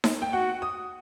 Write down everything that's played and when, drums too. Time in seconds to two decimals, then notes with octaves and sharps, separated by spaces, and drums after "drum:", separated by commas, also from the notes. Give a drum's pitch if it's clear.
0.04 drum: snare D#4
0.22 G5
0.33 F#4 F#5
0.62 D#6